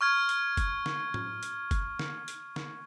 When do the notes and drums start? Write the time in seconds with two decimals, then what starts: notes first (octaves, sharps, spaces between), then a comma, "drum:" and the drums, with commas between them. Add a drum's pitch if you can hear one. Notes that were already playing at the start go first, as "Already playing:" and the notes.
0.01 C#6 F6 G#6
0.29 drum: hi-hat
0.57 drum: kick, hi-hat
0.86 drum: snare
1.14 drum: tom
1.43 drum: hi-hat
1.71 drum: kick, hi-hat
1.99 drum: snare
2.28 drum: hi-hat
2.56 drum: snare